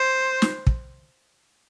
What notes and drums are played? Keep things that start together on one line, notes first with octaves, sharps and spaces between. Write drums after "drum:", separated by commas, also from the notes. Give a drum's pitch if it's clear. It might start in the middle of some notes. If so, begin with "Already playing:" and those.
Already playing: C5
drum: snare
drum: kick